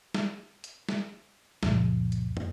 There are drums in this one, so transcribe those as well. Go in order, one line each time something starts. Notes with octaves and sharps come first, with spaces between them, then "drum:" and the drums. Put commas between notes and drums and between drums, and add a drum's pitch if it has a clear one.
drum: snare
drum: hi-hat
drum: snare
C#2 F#2 A#2 F3, drum: snare
drum: hi-hat
drum: tom